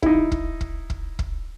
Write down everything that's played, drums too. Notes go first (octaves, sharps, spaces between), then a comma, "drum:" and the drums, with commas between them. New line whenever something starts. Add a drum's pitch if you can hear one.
D#4 E4, drum: kick
drum: kick
drum: kick
drum: kick
drum: kick